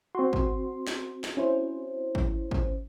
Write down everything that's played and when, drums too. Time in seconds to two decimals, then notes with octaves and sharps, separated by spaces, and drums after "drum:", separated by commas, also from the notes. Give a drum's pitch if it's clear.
0.15 C4 F#4 C6
0.33 drum: kick G#1
0.87 drum: snare
1.24 drum: snare
1.37 C#4 E4 C5
2.15 drum: kick G#1
2.51 drum: kick G#1